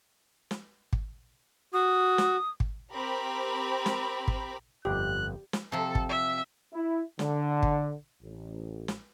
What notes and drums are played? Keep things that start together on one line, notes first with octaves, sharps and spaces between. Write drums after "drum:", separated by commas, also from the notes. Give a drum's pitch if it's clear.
drum: snare
drum: kick
F#4 D#6
drum: snare
drum: kick
C4 G4 A#4 B5
drum: snare
drum: kick
G1 F2 G4 F#6
drum: snare
C3 F3 A4
drum: kick
E5
E4
D3, drum: snare
drum: kick
A1
drum: snare